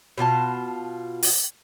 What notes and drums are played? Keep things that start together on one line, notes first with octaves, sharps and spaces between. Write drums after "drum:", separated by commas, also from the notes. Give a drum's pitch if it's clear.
B2 D4 F4 A5
drum: open hi-hat